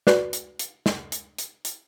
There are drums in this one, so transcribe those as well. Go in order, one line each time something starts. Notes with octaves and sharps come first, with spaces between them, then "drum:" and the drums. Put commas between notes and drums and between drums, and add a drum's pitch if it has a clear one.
F#4 B4 D5, drum: snare
drum: hi-hat
drum: hi-hat
drum: snare
drum: hi-hat
drum: hi-hat
drum: hi-hat